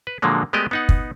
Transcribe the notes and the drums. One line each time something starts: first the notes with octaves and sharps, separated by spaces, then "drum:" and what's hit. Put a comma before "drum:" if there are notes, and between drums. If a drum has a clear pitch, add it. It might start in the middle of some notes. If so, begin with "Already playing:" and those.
B4
A#2 D3 F3 F#3 G#3 A#3
G#3 A3 B3 G4 D5 D#5
B3 D#4 F#5
drum: kick